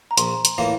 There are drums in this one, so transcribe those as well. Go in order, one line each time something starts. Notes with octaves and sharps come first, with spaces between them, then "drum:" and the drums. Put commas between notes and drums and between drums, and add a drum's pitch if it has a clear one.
A#5
A#1 C6, drum: hi-hat
drum: hi-hat
A2 E3 A#3 F4